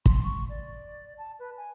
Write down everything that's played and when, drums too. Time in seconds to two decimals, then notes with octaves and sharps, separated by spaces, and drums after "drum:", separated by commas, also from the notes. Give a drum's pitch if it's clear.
0.06 C6, drum: kick
0.23 C#6
0.49 D5
1.18 A5
1.39 B4
1.57 G#5